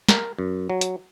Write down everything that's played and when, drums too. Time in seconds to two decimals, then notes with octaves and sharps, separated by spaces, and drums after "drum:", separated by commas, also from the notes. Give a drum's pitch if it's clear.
0.09 A#4, drum: snare
0.39 F#2
0.70 F#3
0.81 drum: hi-hat